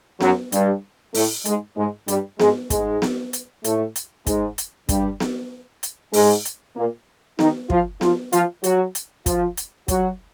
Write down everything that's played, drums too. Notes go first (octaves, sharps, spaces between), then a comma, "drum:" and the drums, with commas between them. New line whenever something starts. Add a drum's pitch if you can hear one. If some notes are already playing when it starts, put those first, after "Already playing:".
F#2 F#3, drum: snare B3
G2 G3, drum: hi-hat
A2 A3, drum: open hi-hat
G#2 G#3, drum: hi-hat
G#2 G#3
G2 G3, drum: hi-hat
G#2 G#3, drum: snare B3
G#2 G#3, drum: kick, hi-hat
drum: snare B3
drum: hi-hat
A2 A3, drum: hi-hat
drum: hi-hat
G#2 G#3, drum: kick, hi-hat
drum: hi-hat
G2 G3, drum: kick, hi-hat
drum: snare B3
drum: hi-hat
G#2 G#3, drum: open hi-hat
drum: hi-hat
A#2 A#3
D#3 D#4, drum: snare B3
F3 F4, drum: kick
F3 F4, drum: snare B3
F3 F4, drum: hi-hat
F#3 F#4, drum: hi-hat
drum: hi-hat
F3 F4, drum: kick, hi-hat
drum: hi-hat
F#3 F#4, drum: kick, hi-hat